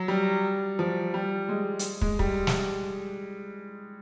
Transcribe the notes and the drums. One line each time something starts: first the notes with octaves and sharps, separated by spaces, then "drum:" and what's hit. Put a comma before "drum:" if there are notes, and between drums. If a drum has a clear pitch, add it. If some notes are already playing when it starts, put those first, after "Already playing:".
Already playing: F#3
G3
F3
G3
G#3
drum: hi-hat
G#3, drum: kick
G3, drum: kick
drum: snare